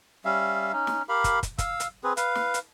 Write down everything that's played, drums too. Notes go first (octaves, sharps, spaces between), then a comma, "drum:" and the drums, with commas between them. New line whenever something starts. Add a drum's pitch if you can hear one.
G3 C#4 E5 F5
C#4 D#4
drum: snare
G4 A#4 F5 B5
drum: kick, hi-hat
drum: kick, hi-hat
F5 E6, drum: kick, hi-hat
drum: hi-hat
C4 G#4 B4
B4 F5, drum: hi-hat
drum: snare
drum: hi-hat